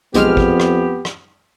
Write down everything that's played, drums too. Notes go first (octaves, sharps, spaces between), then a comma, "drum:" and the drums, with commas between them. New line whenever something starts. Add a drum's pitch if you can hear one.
B1 F2 G#3 B3 G4 F6, drum: hi-hat
drum: kick
drum: rim click
drum: rim click